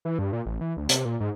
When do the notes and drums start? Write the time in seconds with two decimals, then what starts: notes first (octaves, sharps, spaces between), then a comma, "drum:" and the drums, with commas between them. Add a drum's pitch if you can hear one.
0.05 E3
0.19 G2
0.33 A#2
0.46 A1
0.61 E3
0.77 D2
0.89 C3, drum: hi-hat
1.05 A#2
1.20 G#2